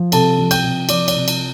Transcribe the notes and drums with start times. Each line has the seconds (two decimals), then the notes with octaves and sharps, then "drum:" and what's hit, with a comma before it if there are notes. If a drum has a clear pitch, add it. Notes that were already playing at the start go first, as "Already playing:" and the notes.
Already playing: F3
0.12 C3 A4 A5, drum: cymbal
0.38 F3
0.51 G5 G6, drum: cymbal
0.64 C3
0.89 F3 D5 D6, drum: cymbal
1.08 D5, drum: cymbal
1.15 C3
1.28 drum: cymbal